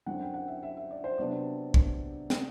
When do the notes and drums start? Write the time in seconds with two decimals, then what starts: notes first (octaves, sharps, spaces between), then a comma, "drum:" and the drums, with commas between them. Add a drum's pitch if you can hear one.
0.06 F#2 D3 F#3 C4 E4 F#5
0.21 G5
0.34 F#5
0.48 E5
0.63 E5
0.77 E5
0.91 D5
1.04 C5
1.18 C3 F#3 B3 D4 D5
1.74 drum: kick
2.30 drum: snare